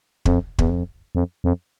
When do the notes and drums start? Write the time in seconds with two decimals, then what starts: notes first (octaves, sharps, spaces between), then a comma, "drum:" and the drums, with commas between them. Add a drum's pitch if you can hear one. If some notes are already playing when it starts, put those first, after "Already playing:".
0.25 F2, drum: kick
0.59 E2, drum: kick
0.70 F2
1.15 F2
1.44 F2